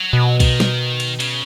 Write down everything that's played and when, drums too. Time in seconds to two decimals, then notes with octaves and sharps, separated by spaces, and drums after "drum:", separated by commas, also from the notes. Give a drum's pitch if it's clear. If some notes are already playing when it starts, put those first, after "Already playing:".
Already playing: F#3
0.13 B2
0.40 D#3, drum: kick, cymbal
0.60 drum: snare
1.00 drum: cymbal
1.20 C#3, drum: cymbal